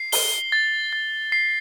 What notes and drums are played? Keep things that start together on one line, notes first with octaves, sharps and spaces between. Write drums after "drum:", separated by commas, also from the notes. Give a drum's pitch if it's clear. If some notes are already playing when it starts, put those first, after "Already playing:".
Already playing: C7
G7, drum: open hi-hat
A6
A6
C7